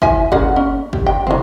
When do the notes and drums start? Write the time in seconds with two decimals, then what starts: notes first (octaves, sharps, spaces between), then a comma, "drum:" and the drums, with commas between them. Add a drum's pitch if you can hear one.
0.02 E4 E5 G#5, drum: kick
0.32 C#3 A#3 F#5, drum: kick
0.56 C#4
0.93 G4, drum: kick
1.06 G5
1.27 E3 C4, drum: tom